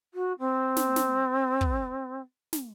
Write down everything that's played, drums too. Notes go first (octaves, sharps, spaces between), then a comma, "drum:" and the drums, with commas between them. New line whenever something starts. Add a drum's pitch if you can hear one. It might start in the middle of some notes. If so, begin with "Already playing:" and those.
F#4
C4
drum: snare
drum: snare
drum: kick
drum: snare